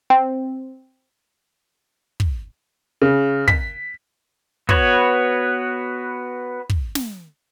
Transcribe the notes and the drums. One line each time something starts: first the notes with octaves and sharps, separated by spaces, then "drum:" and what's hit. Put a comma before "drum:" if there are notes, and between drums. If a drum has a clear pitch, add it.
C4
drum: kick
C#3
B6, drum: kick
B3 F#4 B4 C#5, drum: kick
drum: kick
drum: snare